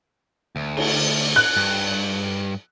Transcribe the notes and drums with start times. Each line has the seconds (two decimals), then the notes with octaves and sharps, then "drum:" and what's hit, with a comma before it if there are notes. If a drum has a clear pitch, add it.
0.56 D2
0.77 drum: cymbal
1.36 F#6
1.56 G2